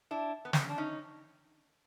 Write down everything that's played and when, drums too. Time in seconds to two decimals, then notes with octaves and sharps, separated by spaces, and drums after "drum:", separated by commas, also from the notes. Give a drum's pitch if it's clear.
0.11 D4 E4
0.45 B3
0.53 C4, drum: snare
0.62 C#4
0.69 D4
0.78 C#4 D#4